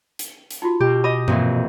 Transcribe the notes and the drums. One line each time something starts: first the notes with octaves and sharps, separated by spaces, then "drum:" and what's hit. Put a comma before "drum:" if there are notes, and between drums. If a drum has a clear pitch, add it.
drum: hi-hat
drum: hi-hat
D#4 F4 F#4
B2 G4
D#5 B5 D6
F2 A#2 E3, drum: tom G2